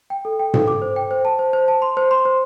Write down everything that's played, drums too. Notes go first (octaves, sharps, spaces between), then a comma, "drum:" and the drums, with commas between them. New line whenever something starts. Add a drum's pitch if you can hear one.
G5
A4
G5
A4, drum: tom G#2
D6
C5
G5
C5
A5
C5
C5
A5
C6
C5
C6
C5